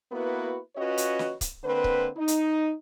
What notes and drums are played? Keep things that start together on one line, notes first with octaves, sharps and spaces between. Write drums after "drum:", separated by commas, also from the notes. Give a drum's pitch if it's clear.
A#3 B3 E4 F#4 B4
C#4 F4 F#4 B4 C#5 D#5
drum: hi-hat
drum: snare
drum: kick C#1, hi-hat
D3 A#3 C4 B4
drum: kick C#1
D#4
drum: hi-hat